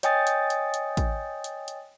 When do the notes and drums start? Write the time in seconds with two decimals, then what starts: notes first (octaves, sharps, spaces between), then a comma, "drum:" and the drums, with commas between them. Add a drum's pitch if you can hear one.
0.03 C#5 D#5 G5 G#5 D#6 A6, drum: hi-hat
0.27 drum: hi-hat
0.50 drum: hi-hat
0.74 drum: hi-hat
0.97 drum: kick A1, hi-hat
1.44 drum: hi-hat
1.68 drum: hi-hat